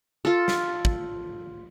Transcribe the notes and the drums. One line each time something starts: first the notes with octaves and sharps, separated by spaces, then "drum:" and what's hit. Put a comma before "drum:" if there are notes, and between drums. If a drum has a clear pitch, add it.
F4 A4
drum: snare
drum: kick